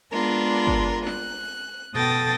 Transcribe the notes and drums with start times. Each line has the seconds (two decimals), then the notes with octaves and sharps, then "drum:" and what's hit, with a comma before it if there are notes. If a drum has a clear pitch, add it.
0.12 G#3 B3 D4 F4 A#4
0.67 drum: kick G1
1.07 F#6, drum: snare
1.94 B2 A4 G5 D#6 A6 A#6